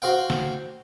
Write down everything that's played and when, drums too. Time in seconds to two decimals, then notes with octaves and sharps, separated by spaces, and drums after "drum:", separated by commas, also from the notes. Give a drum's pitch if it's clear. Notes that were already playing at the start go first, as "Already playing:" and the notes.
0.02 F#4 C5 F5 G5
0.30 drum: snare